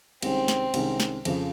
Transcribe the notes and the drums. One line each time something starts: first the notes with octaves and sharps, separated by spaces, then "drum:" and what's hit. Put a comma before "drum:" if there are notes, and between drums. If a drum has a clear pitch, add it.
C2 C3 D#3 G#3 C4 C#4, drum: cymbal
drum: snare
C2 C3 D#3 G#3 C#4, drum: cymbal
drum: snare
F2 C#3 F3, drum: cymbal